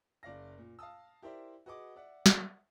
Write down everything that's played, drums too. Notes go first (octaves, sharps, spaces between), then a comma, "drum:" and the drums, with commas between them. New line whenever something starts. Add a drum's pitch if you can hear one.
F#1 D5 F5 A#6
A#2
F5 A5 D#6 E6
E4 G4 A#4 C5 D5 E5
F#4 G#4 B4 D#5 F#5 D6
D5 E5 F#5
drum: snare